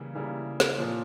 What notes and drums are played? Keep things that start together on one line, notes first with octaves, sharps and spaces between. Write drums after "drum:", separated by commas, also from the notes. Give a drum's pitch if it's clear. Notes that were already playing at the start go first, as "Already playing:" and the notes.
Already playing: C#3 E3 G3 A#3 E4
C#3 E3 G3 A#3 E4
drum: snare
A#2 F3 A#3